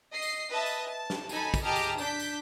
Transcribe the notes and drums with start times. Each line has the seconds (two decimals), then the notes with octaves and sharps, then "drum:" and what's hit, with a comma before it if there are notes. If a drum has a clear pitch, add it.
0.12 D#5 C7
0.22 drum: tambourine
0.50 B4 D#5 E5 A5
0.66 drum: tambourine
0.88 A5
1.10 drum: snare
1.29 D#4 A4 G#5 B5, drum: tambourine
1.54 drum: kick, tambourine
1.63 G4 G#4 D#5 A5 A#5 F6
1.76 drum: tambourine
1.98 D4 G6 B6, drum: tambourine
2.19 drum: tambourine